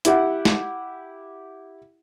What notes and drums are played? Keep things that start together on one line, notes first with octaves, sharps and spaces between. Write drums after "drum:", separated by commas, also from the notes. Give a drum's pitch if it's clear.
E4 G4 F#5, drum: hi-hat
drum: snare